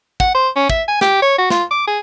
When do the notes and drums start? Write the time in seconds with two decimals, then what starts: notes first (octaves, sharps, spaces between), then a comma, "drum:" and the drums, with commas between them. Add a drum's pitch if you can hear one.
0.20 F#5, drum: kick
0.35 C5
0.56 C#4
0.70 E5, drum: kick
0.88 G#5
1.01 G4, drum: snare
1.22 C#5
1.38 F#4
1.50 F4, drum: snare
1.71 D6
1.87 G#4